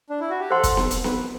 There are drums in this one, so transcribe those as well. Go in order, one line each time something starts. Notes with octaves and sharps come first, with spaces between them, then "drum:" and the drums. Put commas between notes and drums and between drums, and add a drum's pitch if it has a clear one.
D4
E4
F#4
G4
A4 C5 F#5 C6
drum: kick, hi-hat
drum: snare B3
drum: hi-hat
B4, drum: snare B3